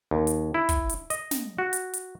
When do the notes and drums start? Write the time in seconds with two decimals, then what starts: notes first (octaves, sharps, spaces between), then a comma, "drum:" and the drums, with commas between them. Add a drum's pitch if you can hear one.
0.11 D#2
0.27 drum: hi-hat
0.54 E4
0.69 drum: kick, hi-hat
0.89 drum: hi-hat
1.10 D#5, drum: hi-hat
1.31 drum: snare
1.58 F#4
1.73 drum: hi-hat
1.94 drum: hi-hat